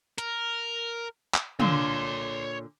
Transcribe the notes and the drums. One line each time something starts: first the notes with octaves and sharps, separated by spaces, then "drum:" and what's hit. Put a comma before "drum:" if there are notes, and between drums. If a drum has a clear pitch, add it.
A#4, drum: hi-hat
drum: clap
A#2 D3 C#5 C6, drum: tom